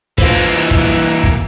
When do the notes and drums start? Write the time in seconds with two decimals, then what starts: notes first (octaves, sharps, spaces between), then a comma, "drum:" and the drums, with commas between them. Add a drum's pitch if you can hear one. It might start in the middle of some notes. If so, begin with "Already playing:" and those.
0.18 E3 A#3 F4 C5, drum: kick
0.71 drum: kick
1.24 drum: kick